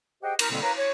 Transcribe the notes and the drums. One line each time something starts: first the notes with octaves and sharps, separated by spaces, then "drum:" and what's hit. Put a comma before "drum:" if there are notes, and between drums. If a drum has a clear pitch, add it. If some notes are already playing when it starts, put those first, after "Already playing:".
G4 G#4 C5 D#5 F#5 G5
A#4, drum: cymbal
B2 D3 G3 A#3 C4
A#4 B4 C#5 F5 A#5
C#5